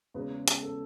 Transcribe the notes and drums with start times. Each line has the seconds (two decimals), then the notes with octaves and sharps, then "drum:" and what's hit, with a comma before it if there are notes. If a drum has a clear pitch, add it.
0.14 E2 C#3 G#3 B4
0.48 drum: hi-hat
0.63 A4